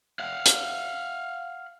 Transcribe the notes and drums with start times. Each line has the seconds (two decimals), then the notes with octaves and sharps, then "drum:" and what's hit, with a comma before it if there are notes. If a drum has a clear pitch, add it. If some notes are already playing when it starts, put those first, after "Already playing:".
0.20 F5 F#5
0.46 drum: hi-hat